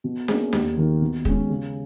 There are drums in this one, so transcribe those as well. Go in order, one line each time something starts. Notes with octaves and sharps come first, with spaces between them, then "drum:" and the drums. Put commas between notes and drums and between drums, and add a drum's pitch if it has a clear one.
B2
A#3 C#4 E4 G#4, drum: snare D4
D#2, drum: snare D4
D#3 A#3
B2
G#3 C#4, drum: kick
C#3